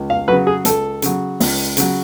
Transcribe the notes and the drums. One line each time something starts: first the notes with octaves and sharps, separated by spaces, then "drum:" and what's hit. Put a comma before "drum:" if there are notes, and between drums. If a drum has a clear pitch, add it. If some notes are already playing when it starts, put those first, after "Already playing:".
Already playing: C#2
F5
C#3 F#3 B4
G#4
C#2 A4, drum: hi-hat
C#3 F#3, drum: hi-hat
C#2, drum: open hi-hat
C#3 F#3, drum: hi-hat